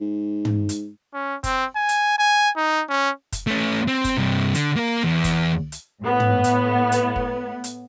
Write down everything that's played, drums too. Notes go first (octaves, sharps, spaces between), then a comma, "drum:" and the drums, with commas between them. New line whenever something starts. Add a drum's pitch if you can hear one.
G#2
drum: tom
drum: hi-hat
C#4
C4, drum: kick, hi-hat
G#5
drum: hi-hat
G#5
D#4
C#4
drum: kick, hi-hat
A3 C#4
C4
drum: kick, hi-hat
G2 C3
D3, drum: hi-hat
A#3 A#4
E2
drum: kick, hi-hat
drum: hi-hat
A2 B3
drum: tom
drum: hi-hat
drum: hi-hat
drum: kick
drum: hi-hat